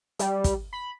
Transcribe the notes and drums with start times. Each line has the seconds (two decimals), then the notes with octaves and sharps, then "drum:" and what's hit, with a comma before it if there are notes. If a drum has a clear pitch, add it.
0.19 G3, drum: hi-hat
0.44 drum: kick, hi-hat
0.73 B5